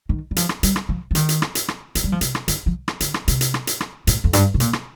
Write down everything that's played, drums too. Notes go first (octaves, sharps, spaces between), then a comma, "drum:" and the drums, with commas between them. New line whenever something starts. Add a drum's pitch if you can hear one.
D#3
G3
F3, drum: hi-hat
drum: rim click
G3, drum: hi-hat
drum: rim click
F3
F3
D#3, drum: hi-hat
drum: hi-hat
drum: rim click
drum: hi-hat
drum: rim click
F3, drum: hi-hat
G3
F3
C3, drum: hi-hat
drum: rim click
D#3, drum: hi-hat
F3
drum: rim click
D3, drum: hi-hat
drum: rim click
C3, drum: hi-hat
drum: hi-hat
drum: rim click
drum: hi-hat
drum: rim click
A2, drum: hi-hat
F2
G2, drum: hi-hat
C3
A#2, drum: hi-hat
drum: rim click